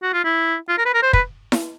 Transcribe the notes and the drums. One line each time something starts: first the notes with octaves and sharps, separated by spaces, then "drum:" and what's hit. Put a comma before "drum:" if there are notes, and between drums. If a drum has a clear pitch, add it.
F#4
F4
E4
F4
A#4
B4
A#4
C5
B4, drum: kick
drum: snare E4